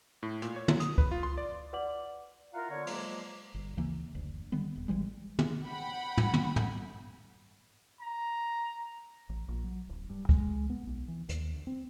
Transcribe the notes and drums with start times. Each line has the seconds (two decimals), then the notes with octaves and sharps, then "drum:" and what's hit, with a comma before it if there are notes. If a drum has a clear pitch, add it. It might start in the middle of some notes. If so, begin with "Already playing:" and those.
0.23 A2
0.42 A#2, drum: hi-hat
0.56 C#5
0.68 F#3, drum: tom
0.80 D#6, drum: hi-hat
0.98 B4, drum: kick C#2
1.11 F4
1.23 C6
1.38 D5
1.73 B4 D5 F#5 D6 F#7
2.54 E4 F4 A#4 F5 F#5 A#5
2.71 D3 B3 C#5
2.87 F3 F#3 G#3 A#3 D6, drum: open hi-hat
3.54 G1
3.77 D2 C#3 E3 A#3
4.15 F#1 D2
4.52 D3 D#3 G3 B3
4.76 D#1
4.88 G#1 E3 G3 G#3
5.39 drum: tom
5.64 F#5 G5 B5
6.18 drum: tom
6.34 drum: tom
6.56 drum: tom
8.01 A#5
9.29 A1
9.48 A#1
9.64 F#3
9.89 D1
10.10 G2
10.29 G#3, drum: kick C#2
10.70 B3
10.87 B1
11.08 E3
11.29 D#2, drum: hi-hat
11.52 D2
11.67 C4